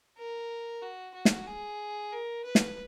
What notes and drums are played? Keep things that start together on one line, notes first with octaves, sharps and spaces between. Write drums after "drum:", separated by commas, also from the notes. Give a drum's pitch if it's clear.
A#4
F#4
F#4
drum: snare
G#4
A#4
B4
drum: snare